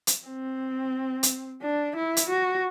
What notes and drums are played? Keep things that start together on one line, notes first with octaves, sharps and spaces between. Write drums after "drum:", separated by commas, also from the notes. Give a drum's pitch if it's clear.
drum: hi-hat
C4
drum: hi-hat
D4
E4
drum: hi-hat
F#4